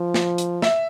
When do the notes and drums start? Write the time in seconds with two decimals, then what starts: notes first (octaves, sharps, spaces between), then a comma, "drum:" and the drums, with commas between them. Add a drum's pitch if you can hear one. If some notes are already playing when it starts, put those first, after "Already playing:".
Already playing: F3
0.14 drum: snare
0.38 drum: hi-hat
0.62 E5, drum: snare